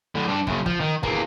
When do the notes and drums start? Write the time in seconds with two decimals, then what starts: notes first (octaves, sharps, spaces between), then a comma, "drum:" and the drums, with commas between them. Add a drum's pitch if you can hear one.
0.15 A2 D3
0.27 G2 D4
0.47 F#2 C#3, drum: kick
0.66 F3, drum: kick
0.80 D#3
1.03 E2 A#3, drum: kick